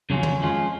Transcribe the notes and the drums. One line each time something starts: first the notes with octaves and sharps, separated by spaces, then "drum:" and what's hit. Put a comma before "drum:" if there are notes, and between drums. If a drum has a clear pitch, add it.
F2 C#3 F#3 C#4 F4
drum: tom
F2 F3 G#3 C#4 F4